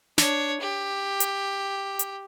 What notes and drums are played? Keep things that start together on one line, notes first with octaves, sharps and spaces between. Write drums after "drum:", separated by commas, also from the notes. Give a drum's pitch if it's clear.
D4 C#5, drum: snare
G4
drum: hi-hat
drum: hi-hat